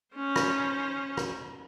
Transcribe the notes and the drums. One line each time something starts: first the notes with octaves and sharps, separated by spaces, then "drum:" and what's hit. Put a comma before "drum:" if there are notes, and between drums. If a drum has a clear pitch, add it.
C#4 C5
drum: rim click
drum: rim click